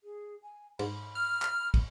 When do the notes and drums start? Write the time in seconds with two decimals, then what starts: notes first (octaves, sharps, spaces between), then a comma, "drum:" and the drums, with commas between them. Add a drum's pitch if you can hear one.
0.03 G#4
0.43 G#5
0.79 G#2 B5, drum: cymbal
1.15 F6
1.42 drum: clap
1.74 drum: kick, cymbal